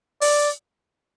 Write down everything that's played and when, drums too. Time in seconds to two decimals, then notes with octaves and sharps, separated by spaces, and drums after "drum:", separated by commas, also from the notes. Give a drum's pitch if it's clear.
0.21 D5, drum: open hi-hat